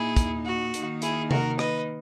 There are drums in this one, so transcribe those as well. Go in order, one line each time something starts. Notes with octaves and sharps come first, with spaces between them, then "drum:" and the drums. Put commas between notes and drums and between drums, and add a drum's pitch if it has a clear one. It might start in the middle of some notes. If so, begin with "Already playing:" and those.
Already playing: A#2 A#3 D#4 E4 G#4
drum: kick, hi-hat
F#4
D#3 A#3 D#4, drum: hi-hat
E4 G#4, drum: hi-hat
F#4 A#4, drum: tom C3
B4 D#5, drum: rim click